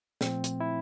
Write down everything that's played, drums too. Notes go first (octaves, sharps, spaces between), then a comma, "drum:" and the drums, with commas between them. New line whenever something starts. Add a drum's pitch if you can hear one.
A#2 F3 A3 C4, drum: snare
drum: hi-hat
E4